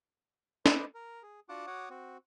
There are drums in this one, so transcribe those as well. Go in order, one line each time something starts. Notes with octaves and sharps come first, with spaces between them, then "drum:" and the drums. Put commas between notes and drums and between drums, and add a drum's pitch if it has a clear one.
B4 C5 D#5 D6, drum: snare
A#4
G#4
D4 F4 F#4 F#5 A5 D6
F#4 C#5 F#5 D6 D#6
C4 F#4